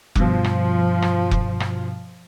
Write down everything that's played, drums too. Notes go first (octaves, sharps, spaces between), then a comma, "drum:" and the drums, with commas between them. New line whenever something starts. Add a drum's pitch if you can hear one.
G2 B2 F3, drum: kick F1
drum: rim click
drum: rim click
drum: kick F1
drum: rim click